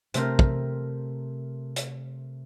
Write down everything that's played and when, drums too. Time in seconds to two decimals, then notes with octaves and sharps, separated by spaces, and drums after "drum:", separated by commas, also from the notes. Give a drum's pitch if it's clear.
0.14 C3 A3 C4 A#4, drum: hi-hat
0.39 drum: kick
1.76 drum: hi-hat